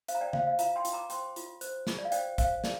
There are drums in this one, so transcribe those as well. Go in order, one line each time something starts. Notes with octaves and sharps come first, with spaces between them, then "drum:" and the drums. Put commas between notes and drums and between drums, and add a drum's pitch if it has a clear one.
C5 F5, drum: hi-hat
A#5
D5 G5
C5 F5, drum: tom C#3
F5
F4 F5 A#5, drum: hi-hat
G5 C6
F4, drum: hi-hat
A#5 D6
C5 G5 C6, drum: hi-hat
F4, drum: hi-hat
C5, drum: hi-hat
F4, drum: snare
D5
F5
C5 D5 G5, drum: hi-hat
C5 F5, drum: kick, hi-hat
F4 D5, drum: snare